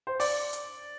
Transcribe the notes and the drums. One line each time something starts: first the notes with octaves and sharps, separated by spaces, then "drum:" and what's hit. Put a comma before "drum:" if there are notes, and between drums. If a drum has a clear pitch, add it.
C5
D5, drum: open hi-hat
drum: hi-hat